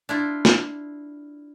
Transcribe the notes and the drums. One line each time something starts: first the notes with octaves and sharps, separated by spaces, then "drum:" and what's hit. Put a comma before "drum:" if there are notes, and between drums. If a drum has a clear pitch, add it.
D4 E4 F4
drum: snare